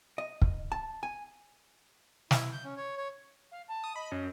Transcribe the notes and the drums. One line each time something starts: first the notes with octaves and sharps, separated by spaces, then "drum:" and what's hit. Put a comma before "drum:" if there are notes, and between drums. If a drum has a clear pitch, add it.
D#5
drum: kick
A5
G#5
E4, drum: snare
G6
C#4
C#5
C#5
F5
A5
D#6
D#5 B5
F#2